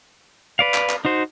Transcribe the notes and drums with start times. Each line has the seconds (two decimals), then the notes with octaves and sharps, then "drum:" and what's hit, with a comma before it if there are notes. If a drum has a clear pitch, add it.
0.59 B4 D5 F5
0.74 drum: clap
0.90 drum: clap
1.05 D#4 F#4 C5